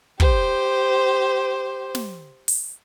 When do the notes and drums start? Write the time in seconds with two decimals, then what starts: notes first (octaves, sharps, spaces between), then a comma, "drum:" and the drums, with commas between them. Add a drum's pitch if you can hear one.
0.20 G4 C5, drum: kick
1.95 drum: snare
2.48 drum: open hi-hat